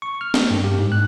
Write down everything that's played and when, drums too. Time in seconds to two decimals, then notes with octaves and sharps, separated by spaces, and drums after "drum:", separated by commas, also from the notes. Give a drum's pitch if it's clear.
0.02 C#6
0.21 F6
0.34 A#3, drum: snare
0.51 G2
0.64 G4
0.78 G#2
0.92 F#6